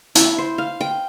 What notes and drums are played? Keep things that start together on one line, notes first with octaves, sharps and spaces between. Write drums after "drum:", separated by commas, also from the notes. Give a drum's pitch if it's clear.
E4, drum: hi-hat
C5
F5
G5